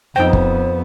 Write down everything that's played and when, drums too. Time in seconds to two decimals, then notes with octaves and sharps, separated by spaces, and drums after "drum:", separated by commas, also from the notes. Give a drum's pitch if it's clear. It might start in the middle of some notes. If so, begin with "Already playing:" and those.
0.16 F2 B3 D#4 C5 G5
0.33 drum: kick